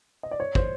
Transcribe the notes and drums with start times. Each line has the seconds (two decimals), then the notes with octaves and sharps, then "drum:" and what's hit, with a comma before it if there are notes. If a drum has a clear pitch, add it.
0.23 D#5
0.31 D5
0.40 C#5
0.55 C5, drum: kick